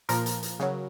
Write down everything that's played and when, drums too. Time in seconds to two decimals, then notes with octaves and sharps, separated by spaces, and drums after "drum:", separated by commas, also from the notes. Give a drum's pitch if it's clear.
0.09 A#2 F3 A#4, drum: hi-hat
0.26 drum: hi-hat
0.43 drum: hi-hat
0.59 C#3 F#3, drum: snare